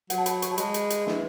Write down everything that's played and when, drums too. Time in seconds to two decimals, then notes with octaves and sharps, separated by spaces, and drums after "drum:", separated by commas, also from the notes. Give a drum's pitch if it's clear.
0.10 F#3 F#5, drum: hi-hat
0.18 A5
0.26 B5, drum: hi-hat
0.42 C#6, drum: hi-hat
0.51 F#3 A5
0.58 G#3 B5, drum: hi-hat
0.74 drum: hi-hat
0.90 drum: hi-hat
1.07 E3, drum: snare